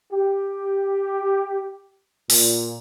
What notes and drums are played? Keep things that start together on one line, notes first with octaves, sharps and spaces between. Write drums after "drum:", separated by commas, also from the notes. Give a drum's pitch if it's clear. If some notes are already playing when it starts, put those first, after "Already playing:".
G4
A#2, drum: open hi-hat